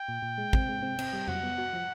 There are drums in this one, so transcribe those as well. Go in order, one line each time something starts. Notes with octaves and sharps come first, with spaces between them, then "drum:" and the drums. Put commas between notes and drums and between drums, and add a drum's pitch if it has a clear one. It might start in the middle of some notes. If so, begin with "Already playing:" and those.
Already playing: G5
A#2
A#2
G#3
C4, drum: kick
G#3
C4
C4, drum: cymbal
G3
F#3 F#5, drum: tom F2
B3
F#4
F3